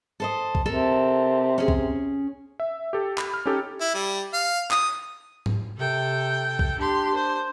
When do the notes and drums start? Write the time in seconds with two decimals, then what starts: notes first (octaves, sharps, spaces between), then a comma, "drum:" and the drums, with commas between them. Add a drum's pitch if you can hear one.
0.20 A4 C5 D#5
0.55 drum: kick B1
0.66 C3 A4 A#4
1.58 C#4 G#4
1.68 drum: kick B1
2.60 E5
2.93 G4 A4
3.18 B5, drum: clap
3.34 F6
3.46 C#4 D#4 G4 A4
3.81 E4
3.95 G3
4.33 F5
4.71 D#6, drum: clap
5.46 drum: tom G#2
5.78 C3 A4 G5
6.59 drum: kick B1
6.78 D4 G4 C6
7.15 C5